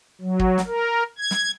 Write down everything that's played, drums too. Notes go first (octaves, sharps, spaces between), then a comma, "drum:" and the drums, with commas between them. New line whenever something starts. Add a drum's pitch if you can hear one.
F#3
drum: kick
drum: snare
A#4
G#6
drum: snare